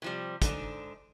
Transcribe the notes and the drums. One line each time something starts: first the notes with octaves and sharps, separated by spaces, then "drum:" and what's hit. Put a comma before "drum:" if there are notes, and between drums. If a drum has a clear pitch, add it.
C3 F3 G3
G#2 D3 D4 D#4, drum: kick, hi-hat